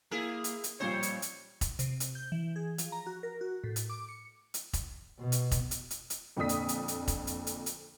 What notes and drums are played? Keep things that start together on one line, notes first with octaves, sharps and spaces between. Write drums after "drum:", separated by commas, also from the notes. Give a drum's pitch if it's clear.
A#3 E4 G#4 A#4
drum: hi-hat
drum: hi-hat
A1 A#2 F3 G3 C5 C#5
drum: hi-hat
drum: hi-hat
drum: kick, hi-hat
C3, drum: hi-hat
drum: hi-hat
G6
E3
G#4
F3, drum: hi-hat
A#5
F#4
A#4
F#4
A2
drum: hi-hat
D6
C#7
drum: hi-hat
drum: kick, hi-hat
B2
drum: hi-hat
drum: kick, hi-hat
drum: hi-hat
drum: hi-hat
drum: hi-hat
F2 A#2 D3 D5 D#6 B6
drum: hi-hat
drum: hi-hat
drum: hi-hat
drum: kick, hi-hat
drum: hi-hat
drum: hi-hat
drum: hi-hat